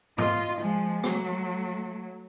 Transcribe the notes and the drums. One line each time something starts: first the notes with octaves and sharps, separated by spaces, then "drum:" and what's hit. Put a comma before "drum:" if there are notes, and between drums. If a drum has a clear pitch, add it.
F4 D#5, drum: tom G#2
F3 G#3
F#3 A3, drum: rim click